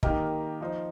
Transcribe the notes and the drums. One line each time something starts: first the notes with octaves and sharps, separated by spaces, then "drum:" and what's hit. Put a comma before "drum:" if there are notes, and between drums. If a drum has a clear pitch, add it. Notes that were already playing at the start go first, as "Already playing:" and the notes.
D#3 A#3 G4 A#4 D#5, drum: kick
F3 D#4 C5